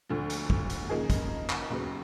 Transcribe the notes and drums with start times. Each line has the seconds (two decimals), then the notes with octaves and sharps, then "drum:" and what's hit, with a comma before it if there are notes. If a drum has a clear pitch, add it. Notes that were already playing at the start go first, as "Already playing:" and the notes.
0.09 D2 D3 F3
0.30 drum: hi-hat
0.50 drum: kick
0.70 drum: hi-hat
0.89 C#3 F3 A#3 D#4 G#4
1.10 drum: kick, hi-hat
1.50 drum: clap
1.70 D#2 C#3 F#3 B3